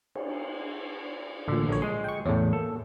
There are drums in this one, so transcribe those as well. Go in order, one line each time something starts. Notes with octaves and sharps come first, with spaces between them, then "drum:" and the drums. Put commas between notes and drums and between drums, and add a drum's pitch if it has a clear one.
drum: cymbal
A1 D2 A#2 D3
A#1 D3 C#5
G#3 G#4 C6
G5 C#6
E2 A2 C#3 C#4
A#3 A4